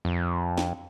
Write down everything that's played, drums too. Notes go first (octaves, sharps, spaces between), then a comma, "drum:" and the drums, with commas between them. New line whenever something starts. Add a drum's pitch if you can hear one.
F2
drum: snare